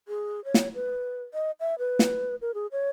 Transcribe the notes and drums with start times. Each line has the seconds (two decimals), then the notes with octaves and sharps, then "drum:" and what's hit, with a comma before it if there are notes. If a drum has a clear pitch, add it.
0.08 G#4
0.45 C#5
0.54 drum: snare
0.74 B4
1.34 D#5
1.60 E5
1.79 B4
1.99 drum: snare
2.42 A#4
2.54 G#4
2.72 C#5